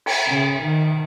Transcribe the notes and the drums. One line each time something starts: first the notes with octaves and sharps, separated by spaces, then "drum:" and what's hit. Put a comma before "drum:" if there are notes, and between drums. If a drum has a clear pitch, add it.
drum: cymbal
C#3
D#3